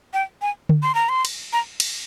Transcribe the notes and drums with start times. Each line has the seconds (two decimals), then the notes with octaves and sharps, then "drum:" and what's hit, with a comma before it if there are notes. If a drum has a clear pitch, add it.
0.14 G5
0.42 G#5
0.69 drum: tom D3
0.83 C6
0.95 A#5
1.09 C6
1.25 drum: cymbal
1.53 A#5
1.80 drum: cymbal